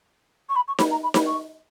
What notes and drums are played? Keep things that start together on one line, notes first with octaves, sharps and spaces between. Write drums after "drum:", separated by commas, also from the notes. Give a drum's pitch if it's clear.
C#6
B5
C#6
B5, drum: snare D#4
A#5
B5
B5, drum: snare D#4
C#6